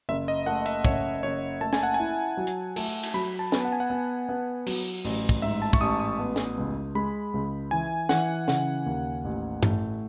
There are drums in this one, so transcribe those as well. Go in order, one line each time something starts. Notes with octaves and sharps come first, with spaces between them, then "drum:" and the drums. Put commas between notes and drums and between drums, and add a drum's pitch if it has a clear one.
F#1 E5
D#5
A3 F#5
E5, drum: hi-hat
F#1 C#5, drum: kick
F#1 C#5
A3 A5
G#5, drum: snare
F#5
G#5
E4
F#3
drum: hi-hat
A3, drum: cymbal
drum: cymbal
F#3 B5
A5
B3, drum: snare
F#5
G#5
F#5
B3
B3
F#3, drum: cymbal
A1, drum: open hi-hat
drum: kick
G#2 E5
A5
C#6, drum: kick
A1 D#6
D#6
B3
drum: snare
C#2
G#3 B5
C#2
E3 G#5
E3 F#5, drum: snare
C#3 F#5, drum: snare
D#2
A1
A2, drum: tom G2